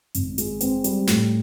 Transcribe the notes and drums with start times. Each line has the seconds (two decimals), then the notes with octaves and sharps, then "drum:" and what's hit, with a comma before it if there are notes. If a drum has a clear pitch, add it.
0.15 G#1, drum: hi-hat
0.38 G#3, drum: hi-hat
0.61 C4, drum: hi-hat
0.84 G3, drum: hi-hat
1.08 A2, drum: snare